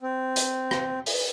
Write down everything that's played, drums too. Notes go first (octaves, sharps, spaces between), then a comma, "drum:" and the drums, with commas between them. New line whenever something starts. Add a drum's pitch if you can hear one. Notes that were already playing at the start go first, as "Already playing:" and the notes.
C4
drum: hi-hat
drum: rim click
drum: open hi-hat